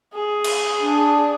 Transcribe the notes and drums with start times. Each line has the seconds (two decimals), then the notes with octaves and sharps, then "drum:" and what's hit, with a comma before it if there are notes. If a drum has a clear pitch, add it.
0.14 G#4
0.44 drum: cymbal
0.82 D4